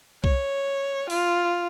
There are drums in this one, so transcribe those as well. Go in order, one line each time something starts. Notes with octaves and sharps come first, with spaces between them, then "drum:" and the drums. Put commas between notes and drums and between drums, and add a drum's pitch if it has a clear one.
C#5, drum: kick C2
F4, drum: open hi-hat